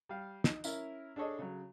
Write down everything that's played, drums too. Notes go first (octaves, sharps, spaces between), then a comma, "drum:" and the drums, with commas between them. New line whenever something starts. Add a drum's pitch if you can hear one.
G3 F5
D#4, drum: snare
C#4 E4 A#4, drum: tambourine
D4 G#4 A4 C#5 D#5
C#3 F#3